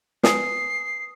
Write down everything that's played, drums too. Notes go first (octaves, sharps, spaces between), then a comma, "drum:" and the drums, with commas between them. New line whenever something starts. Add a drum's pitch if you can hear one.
B4 G#5 D#6 C7, drum: snare